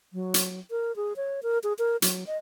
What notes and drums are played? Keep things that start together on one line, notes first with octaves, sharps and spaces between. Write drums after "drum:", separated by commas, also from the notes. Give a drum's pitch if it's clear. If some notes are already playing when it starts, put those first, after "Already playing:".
F#3
drum: hi-hat
A#4
G#4
C#5
A#4
G#4
A#4
F#3, drum: hi-hat
D#5